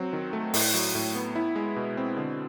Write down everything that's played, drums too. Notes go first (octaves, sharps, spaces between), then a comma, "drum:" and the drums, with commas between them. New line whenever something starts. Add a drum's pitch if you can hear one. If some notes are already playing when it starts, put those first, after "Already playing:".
Already playing: F#3 C4
D#3
A3
A2, drum: open hi-hat
F#3
A2
B3
E4
G#3
B2
C4
D3